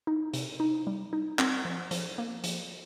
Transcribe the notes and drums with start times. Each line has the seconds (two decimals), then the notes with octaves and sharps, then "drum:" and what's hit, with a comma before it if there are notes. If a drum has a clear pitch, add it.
0.07 D#4
0.34 C3, drum: hi-hat
0.60 D#4
0.87 G3
1.13 D#4
1.39 C4, drum: clap
1.65 F3
1.91 F3, drum: hi-hat
2.18 A#3
2.44 F3, drum: hi-hat